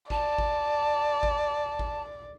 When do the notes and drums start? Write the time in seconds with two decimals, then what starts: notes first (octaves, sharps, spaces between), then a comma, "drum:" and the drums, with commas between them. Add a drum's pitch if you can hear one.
0.10 D5 A5, drum: kick G#1
0.38 drum: kick G#1
1.23 drum: kick G#1
1.79 drum: kick G#1